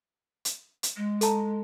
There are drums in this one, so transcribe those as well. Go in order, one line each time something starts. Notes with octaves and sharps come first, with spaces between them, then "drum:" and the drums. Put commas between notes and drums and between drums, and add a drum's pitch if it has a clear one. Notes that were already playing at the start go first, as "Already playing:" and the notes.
drum: hi-hat
drum: hi-hat
G#3
A4 A5 A#5, drum: hi-hat